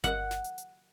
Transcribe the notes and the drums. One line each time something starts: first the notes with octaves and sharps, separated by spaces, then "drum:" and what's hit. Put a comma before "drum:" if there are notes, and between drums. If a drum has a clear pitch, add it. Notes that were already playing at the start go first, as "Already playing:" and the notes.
F#5, drum: kick G1, hi-hat
drum: snare
drum: hi-hat
drum: hi-hat